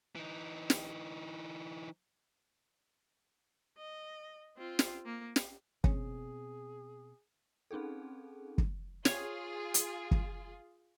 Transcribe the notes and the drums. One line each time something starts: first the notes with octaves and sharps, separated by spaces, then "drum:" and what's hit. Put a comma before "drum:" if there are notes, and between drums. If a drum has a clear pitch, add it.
E3 D#4
drum: snare
D#5
C4 F4
drum: snare
A#3
drum: snare
B2 C4 C#4 G#4, drum: kick
C4 C#4 D#4 G#4 A4
drum: kick
F4 G#4 C#5, drum: snare
drum: hi-hat
drum: kick